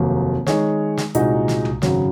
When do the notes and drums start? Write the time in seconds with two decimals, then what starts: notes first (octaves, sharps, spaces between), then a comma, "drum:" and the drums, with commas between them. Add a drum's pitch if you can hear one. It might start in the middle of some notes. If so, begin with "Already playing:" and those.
Already playing: F1 D#2 D#3 F#3 A#3
0.47 D#3 G#3 D#4 G#4 C#5, drum: snare
0.98 drum: snare
1.15 C2 A#2 G#3 D#4 F#4, drum: hi-hat
1.48 drum: snare
1.65 drum: tom B1
1.82 G#1 F#2 C#3 F#3, drum: snare